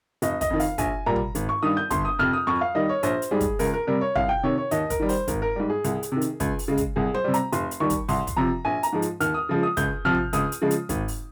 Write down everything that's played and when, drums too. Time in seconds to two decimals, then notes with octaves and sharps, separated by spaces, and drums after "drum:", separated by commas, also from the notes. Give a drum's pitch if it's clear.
0.22 F1 D#5, drum: hi-hat
0.41 D#5, drum: kick, hi-hat
0.50 F2 D#3
0.60 F5, drum: open hi-hat
0.78 A#1 G#5, drum: kick, hi-hat
1.06 A#2 G3 A#5
1.16 drum: tom
1.35 G#1, drum: hi-hat
1.49 C#6
1.63 G2 D#3 D#6
1.77 G6
1.91 G1 C6, drum: kick, hi-hat
2.05 D#6
2.19 F2 C3 F6
2.33 D#6
2.47 F2 C#6
2.61 F5
2.75 D#3 G3 D#5
2.89 C#5
3.03 A#1 C5, drum: hi-hat
3.22 drum: hi-hat
3.31 G#2 G3 G#4
3.41 drum: kick, hi-hat
3.59 C#2 A#4, drum: open hi-hat
3.74 A#4
3.87 C3 G3 A#4
4.01 C#5
4.15 C2 F5, drum: tom
4.29 G5
4.43 C3 D#3 C#5
4.58 C#5
4.71 D#2 D#5, drum: hi-hat
4.90 A#4, drum: kick, hi-hat
5.00 D#3 G3
5.09 C5, drum: open hi-hat
5.28 G#1 A#4, drum: kick, hi-hat
5.42 A#4
5.56 G#2 G3
5.70 G#4
5.84 C2, drum: hi-hat
6.03 drum: hi-hat
6.12 C3 D#3
6.21 drum: hi-hat
6.40 C#2, drum: kick, hi-hat
6.59 drum: open hi-hat
6.68 C#3 G#3
6.78 drum: kick, hi-hat
6.96 C2 G#4
7.14 C5, drum: tom F#3
7.24 C3 G3
7.34 A#5, drum: hi-hat
7.52 F1 C6, drum: hi-hat
7.71 drum: hi-hat
7.80 D#2 D#3 G3 C#6
7.90 drum: kick, hi-hat
8.08 C2 C6, drum: open hi-hat
8.27 drum: kick, hi-hat
8.37 C3 F3 A#5
8.65 A#1 G#5
8.83 A#5, drum: hi-hat
8.93 G#2 F3 G#3
9.02 drum: hi-hat
9.21 D#2 F6, drum: hi-hat
9.34 D#6
9.49 C#3 F3 G#3
9.63 D#6
9.77 C#2 G6, drum: kick, hi-hat
10.05 C3 F3 F6
10.14 drum: tom
10.33 C#2 D#6, drum: hi-hat
10.52 drum: hi-hat
10.62 C#3 F3 G#3
10.71 drum: hi-hat
10.89 G#1, drum: kick, hi-hat
11.08 drum: open hi-hat